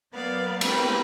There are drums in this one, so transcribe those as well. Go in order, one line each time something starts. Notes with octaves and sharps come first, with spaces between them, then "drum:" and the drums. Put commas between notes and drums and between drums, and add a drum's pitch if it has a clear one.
F#3 A#3 B3 D5 F5
G#3 A#3 C4 B4 G5, drum: cymbal